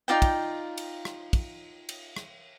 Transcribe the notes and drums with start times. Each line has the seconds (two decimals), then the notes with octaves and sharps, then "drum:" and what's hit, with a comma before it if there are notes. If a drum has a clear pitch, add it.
0.08 D#4 F4 D5 G5
0.22 drum: kick, cymbal
0.78 drum: cymbal
1.05 drum: rim click
1.33 drum: kick, cymbal
1.89 drum: cymbal
2.17 drum: rim click